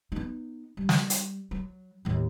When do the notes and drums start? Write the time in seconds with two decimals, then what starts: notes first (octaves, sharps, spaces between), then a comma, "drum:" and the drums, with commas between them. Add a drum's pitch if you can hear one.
0.12 B3 D#4
0.77 G3
0.89 drum: snare
1.10 drum: hi-hat
1.51 F#3
2.05 D#2 A2